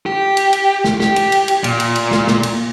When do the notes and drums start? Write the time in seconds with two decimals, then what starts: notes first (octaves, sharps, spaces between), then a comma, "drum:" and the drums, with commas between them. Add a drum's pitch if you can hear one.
0.06 G4
0.37 drum: cymbal
0.53 drum: cymbal
0.84 drum: snare
1.00 G4, drum: snare
1.16 drum: cymbal
1.32 drum: cymbal
1.48 drum: cymbal
1.64 A#2, drum: cymbal
1.80 drum: cymbal
1.96 drum: cymbal
2.11 drum: snare
2.27 drum: snare
2.43 drum: cymbal